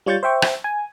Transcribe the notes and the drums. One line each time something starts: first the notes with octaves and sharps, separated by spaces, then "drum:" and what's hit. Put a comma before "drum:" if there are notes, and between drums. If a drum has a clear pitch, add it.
G3 F4 C#5 C#6 G6 A6
C5 E5 G5 C#6
drum: rim click
G#5